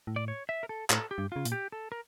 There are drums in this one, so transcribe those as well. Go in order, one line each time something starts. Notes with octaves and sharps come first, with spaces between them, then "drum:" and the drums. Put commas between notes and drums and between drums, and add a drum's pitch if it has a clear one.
A2
D5
C#5
E5
A#4
A4
A2 A4, drum: clap
G4
G2
C#3 F4
A#2, drum: hi-hat
G4
A4
A#4